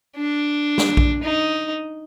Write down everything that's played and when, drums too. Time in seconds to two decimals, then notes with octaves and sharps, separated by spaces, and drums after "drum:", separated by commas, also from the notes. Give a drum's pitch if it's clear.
0.16 D4
0.78 drum: snare
0.97 drum: kick A#1
1.23 D#4